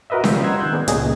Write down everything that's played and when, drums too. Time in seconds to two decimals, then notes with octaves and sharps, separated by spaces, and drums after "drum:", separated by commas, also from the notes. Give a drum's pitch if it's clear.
0.10 F#4 A#4 B4 D#5 E5
0.24 F3 G3 C4 C5, drum: snare C#4
0.44 D#5 F#5 A#5 C6 E6 G#6
0.60 D#3 F#6 G6
0.73 B3 G#4 D5
0.88 C#2 A#2 G3 C#4 G#4 D#5, drum: hi-hat